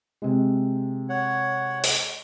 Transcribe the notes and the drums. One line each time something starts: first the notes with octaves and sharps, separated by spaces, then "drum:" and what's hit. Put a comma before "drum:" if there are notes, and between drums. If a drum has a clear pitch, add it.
C3 G#3
C#5 F#5
drum: open hi-hat